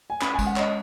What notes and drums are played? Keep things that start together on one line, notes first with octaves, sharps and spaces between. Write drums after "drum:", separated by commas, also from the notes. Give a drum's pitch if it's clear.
G#5
C#4 B5, drum: clap
G#5
G#3, drum: kick, tambourine
F#5
C#5 D#5, drum: clap